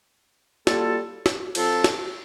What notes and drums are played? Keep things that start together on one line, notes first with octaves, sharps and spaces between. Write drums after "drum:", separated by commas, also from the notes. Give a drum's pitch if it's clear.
G3 A#3 F4 A4, drum: snare
drum: snare
F3 C4 F4 A4, drum: cymbal
drum: snare